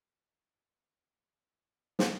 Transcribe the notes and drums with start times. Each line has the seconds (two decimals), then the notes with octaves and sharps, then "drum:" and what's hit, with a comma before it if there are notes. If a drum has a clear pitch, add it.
0.12 A3 A#5
1.99 drum: snare